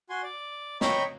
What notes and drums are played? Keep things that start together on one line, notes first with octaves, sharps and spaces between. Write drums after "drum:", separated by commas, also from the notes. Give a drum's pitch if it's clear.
F#4 G#5 C6
D5
C#5 D#5 G5 A#5 B5 C#6, drum: snare